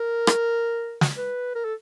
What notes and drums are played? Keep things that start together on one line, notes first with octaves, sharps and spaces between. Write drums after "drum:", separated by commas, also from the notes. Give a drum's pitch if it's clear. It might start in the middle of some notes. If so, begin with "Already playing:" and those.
Already playing: A#4
drum: rim click
drum: snare
B4
A#4
A4